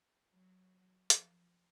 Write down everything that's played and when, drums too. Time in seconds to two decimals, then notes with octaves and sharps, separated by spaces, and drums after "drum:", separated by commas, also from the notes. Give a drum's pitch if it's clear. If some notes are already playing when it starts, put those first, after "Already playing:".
0.32 F#3
1.10 F3, drum: hi-hat